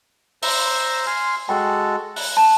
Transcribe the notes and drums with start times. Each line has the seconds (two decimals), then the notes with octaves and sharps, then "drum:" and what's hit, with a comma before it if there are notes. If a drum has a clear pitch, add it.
0.43 C5 A#5 E6, drum: open hi-hat
1.06 G#5 C6 F6
1.49 G#3 F#4 A4 G5
2.16 F#6, drum: open hi-hat
2.37 A5